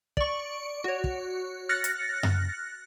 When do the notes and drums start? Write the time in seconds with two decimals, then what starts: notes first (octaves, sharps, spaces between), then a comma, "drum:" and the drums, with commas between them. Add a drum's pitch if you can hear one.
0.17 D5 C#6, drum: kick
0.84 F#4 C#5
1.04 drum: kick
1.69 F6 F#6 A6 A#6 C#7
1.84 drum: hi-hat
2.23 drum: tom F#2